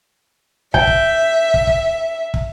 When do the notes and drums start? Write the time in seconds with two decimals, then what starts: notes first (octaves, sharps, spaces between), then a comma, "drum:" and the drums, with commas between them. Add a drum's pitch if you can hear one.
0.74 E5 G5, drum: kick
0.87 drum: kick
1.54 drum: kick
1.67 drum: kick
2.34 drum: kick